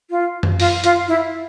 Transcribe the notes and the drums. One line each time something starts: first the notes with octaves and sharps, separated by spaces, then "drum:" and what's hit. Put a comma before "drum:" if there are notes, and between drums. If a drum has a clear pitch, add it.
F4
drum: tom F#2
F4, drum: open hi-hat
F4, drum: hi-hat
E4